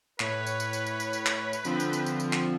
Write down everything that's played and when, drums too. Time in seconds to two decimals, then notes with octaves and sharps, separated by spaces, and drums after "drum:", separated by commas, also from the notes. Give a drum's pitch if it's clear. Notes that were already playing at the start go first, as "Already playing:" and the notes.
0.20 A2 B4 C#5, drum: clap
0.47 drum: tambourine
0.60 drum: tambourine
0.73 drum: tambourine
0.87 drum: tambourine
1.00 drum: tambourine
1.13 drum: tambourine
1.26 drum: clap
1.53 drum: tambourine
1.65 D3 F3 C4, drum: tambourine
1.80 drum: tambourine
1.93 drum: tambourine
2.06 drum: tambourine
2.20 drum: tambourine
2.33 drum: clap